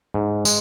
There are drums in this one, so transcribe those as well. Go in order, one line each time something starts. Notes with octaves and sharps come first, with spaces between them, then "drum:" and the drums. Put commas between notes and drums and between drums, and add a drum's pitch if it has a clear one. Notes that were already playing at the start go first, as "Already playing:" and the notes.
G#2
G#3, drum: tambourine